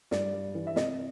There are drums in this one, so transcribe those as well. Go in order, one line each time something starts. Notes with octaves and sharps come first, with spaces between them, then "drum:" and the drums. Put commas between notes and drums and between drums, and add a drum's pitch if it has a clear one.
G2 D5, drum: snare
G3
E3
E5
C3 D#5, drum: snare